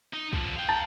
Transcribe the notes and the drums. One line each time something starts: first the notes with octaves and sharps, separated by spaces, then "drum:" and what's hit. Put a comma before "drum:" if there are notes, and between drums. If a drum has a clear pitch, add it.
D#4
D3 F3, drum: kick
F5 G5
A5 A#5 A6